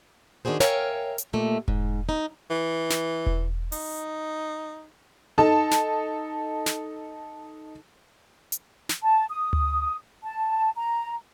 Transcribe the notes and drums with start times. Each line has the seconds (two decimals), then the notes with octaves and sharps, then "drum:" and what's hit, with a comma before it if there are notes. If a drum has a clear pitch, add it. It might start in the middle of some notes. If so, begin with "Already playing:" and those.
0.45 D#3 D4 F#4 G#4 C5
0.60 A#4 C#5 E5 F5 G5 G#5, drum: snare
1.18 drum: hi-hat
1.33 D#2 A#2 A3
1.68 G#2, drum: kick E1
2.09 D#4
2.50 E3
2.90 drum: snare
3.26 drum: kick E1
3.72 D#4, drum: open hi-hat
5.38 D#4 A4 A5
5.71 drum: snare
6.66 drum: snare
8.52 drum: hi-hat
8.89 drum: snare
9.02 A5
9.29 D#6
9.53 drum: tom D2
10.22 A5
10.75 A#5